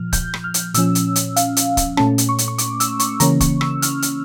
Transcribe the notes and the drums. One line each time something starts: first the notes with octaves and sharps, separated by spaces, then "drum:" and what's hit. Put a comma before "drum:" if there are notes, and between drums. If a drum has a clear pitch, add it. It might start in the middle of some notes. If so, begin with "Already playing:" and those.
Already playing: A#2 F3 F6
G6, drum: kick, hi-hat
drum: rim click
F6
drum: hi-hat
A#2 F3 C#4 E6, drum: hi-hat
drum: hi-hat
drum: hi-hat
F5, drum: hi-hat
drum: hi-hat
drum: kick, hi-hat
A#2 A3 C#4 A5, drum: rim click
drum: hi-hat
C#6
drum: hi-hat
C#6
D6, drum: hi-hat
E6, drum: hi-hat
C#6, drum: hi-hat
C#3 E3 A#3 C#4 A#5, drum: hi-hat
C#6, drum: kick, hi-hat
E6, drum: rim click
F6, drum: hi-hat
drum: hi-hat